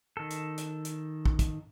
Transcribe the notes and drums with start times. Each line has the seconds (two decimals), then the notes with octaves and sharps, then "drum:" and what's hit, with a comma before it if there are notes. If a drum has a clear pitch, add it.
0.17 D#3 A4
0.30 drum: hi-hat
0.58 drum: hi-hat
0.85 drum: hi-hat
1.25 drum: kick
1.39 drum: kick, hi-hat